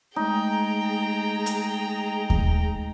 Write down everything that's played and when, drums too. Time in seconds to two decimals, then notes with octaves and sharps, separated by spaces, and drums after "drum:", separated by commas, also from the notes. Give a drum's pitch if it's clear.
0.16 G#3 A3 D#4 G#4 G5 A#5
1.46 drum: hi-hat
2.30 drum: kick D#2